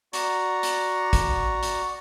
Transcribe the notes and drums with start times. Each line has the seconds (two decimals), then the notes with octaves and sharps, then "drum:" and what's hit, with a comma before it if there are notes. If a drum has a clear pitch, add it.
0.13 F#4 D5 A#5 C#6, drum: hi-hat
0.63 drum: hi-hat
1.13 drum: kick, hi-hat
1.63 drum: hi-hat